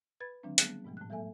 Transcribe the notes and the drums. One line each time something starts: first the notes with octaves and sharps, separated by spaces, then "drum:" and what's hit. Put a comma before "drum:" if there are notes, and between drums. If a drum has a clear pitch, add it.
B4 B5 G#6 A6
D3 D#3 F#3 G#3 C4 D4
G3 A3 B3 G#4 F#6 A6, drum: hi-hat
G#2 B2 F3 G#3 A3
A2 F#6
F#3 G#3 A#3 A4 E5 G#5